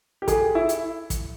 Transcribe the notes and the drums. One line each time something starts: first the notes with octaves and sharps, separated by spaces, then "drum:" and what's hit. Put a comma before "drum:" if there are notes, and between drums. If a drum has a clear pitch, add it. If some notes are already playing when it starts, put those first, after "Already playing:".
G4
G#4 A4, drum: kick, hi-hat
E4
drum: hi-hat
drum: kick, hi-hat